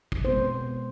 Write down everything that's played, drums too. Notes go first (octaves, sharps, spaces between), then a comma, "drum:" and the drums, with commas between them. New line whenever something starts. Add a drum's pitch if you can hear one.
drum: kick
B2 G#3 B3 C5